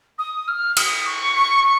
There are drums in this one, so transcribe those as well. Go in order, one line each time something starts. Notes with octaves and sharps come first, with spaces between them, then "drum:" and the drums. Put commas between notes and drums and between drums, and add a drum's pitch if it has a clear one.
D#6
F6
D#6, drum: cymbal
C#6
C#6
C#6